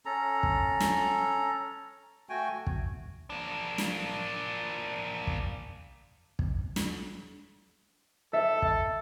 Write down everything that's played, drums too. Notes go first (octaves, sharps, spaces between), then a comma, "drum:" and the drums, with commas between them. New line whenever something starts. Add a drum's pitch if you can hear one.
C#4 A4 A#5
drum: kick
drum: snare
A3 F#4 G5 G#5
drum: kick
A#3 D4
drum: snare
drum: kick
drum: kick
drum: snare
A4 E5
drum: kick